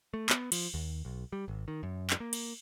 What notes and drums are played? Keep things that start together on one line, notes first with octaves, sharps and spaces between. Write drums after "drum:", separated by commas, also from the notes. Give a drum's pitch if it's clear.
A3
B3, drum: clap
F3, drum: cymbal
D#2
B1
G3
G#1
D#3
F#2
drum: clap
A#3
drum: cymbal